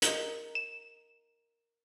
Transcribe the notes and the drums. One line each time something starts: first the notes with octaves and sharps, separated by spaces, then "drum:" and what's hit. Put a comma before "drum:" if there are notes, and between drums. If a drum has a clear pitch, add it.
A#4 D#5, drum: hi-hat
E7